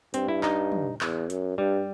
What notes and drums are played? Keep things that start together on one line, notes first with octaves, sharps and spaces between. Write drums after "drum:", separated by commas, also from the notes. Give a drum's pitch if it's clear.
G2 C4, drum: hi-hat
E4
D#4, drum: clap
drum: tom
E2, drum: clap
F#2, drum: hi-hat
G2 G3